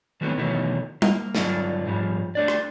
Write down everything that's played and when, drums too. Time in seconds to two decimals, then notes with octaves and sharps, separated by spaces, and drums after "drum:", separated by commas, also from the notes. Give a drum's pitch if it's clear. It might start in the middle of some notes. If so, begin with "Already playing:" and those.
0.21 D#3 F#3 A3 B3 C4 E4
0.37 B2 D#3 E3 F#3 A3
1.02 A#3, drum: tom G3
1.35 G2 D3 F#3 D4 D#4 F4, drum: snare
1.86 G#2 F3 G3
2.35 A3 D4 D5
2.48 drum: rim click